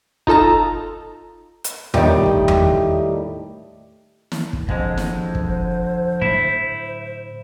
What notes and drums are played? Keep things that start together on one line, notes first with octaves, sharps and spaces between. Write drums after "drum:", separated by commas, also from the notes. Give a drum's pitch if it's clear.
D#4 F4 A4 A5 A#5, drum: kick
drum: hi-hat
A2 D#3 F3 G3 A3 G4, drum: tom E2
drum: kick
drum: tom E2
drum: snare
drum: kick
F2 D3 G#3 C5, drum: kick
drum: snare
drum: kick
A2 D3 F#3 E4